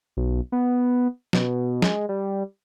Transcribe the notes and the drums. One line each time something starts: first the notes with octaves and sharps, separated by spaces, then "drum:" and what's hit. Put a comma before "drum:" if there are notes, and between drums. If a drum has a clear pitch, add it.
B1
B3
B2, drum: snare
G#3, drum: snare
G3